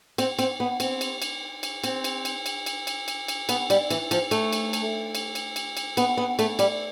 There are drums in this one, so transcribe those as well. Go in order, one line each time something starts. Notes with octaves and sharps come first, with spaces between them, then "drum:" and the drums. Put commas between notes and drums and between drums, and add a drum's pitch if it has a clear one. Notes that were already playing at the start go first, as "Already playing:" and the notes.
C4, drum: cymbal
C4, drum: cymbal
B3
C4, drum: cymbal
drum: cymbal
drum: cymbal
drum: cymbal
C4, drum: cymbal
drum: cymbal
drum: cymbal
drum: cymbal
drum: cymbal
drum: cymbal
drum: cymbal
drum: cymbal
B3, drum: cymbal
G3, drum: cymbal
E3, drum: cymbal
F3, drum: cymbal
A3, drum: cymbal
drum: cymbal
drum: cymbal
drum: cymbal
drum: cymbal
drum: cymbal
drum: cymbal
B3, drum: cymbal
B3
A3, drum: cymbal
G3, drum: cymbal